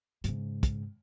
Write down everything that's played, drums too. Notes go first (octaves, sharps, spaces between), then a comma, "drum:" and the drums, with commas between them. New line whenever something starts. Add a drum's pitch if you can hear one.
G#2 C#3, drum: hi-hat
drum: kick, hi-hat